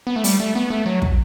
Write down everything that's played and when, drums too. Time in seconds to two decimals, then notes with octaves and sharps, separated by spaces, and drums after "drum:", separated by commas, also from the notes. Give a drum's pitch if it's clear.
0.07 B3
0.16 A3
0.24 G3, drum: open hi-hat
0.40 A3
0.55 B3
0.70 A3
0.86 F#3
1.02 drum: kick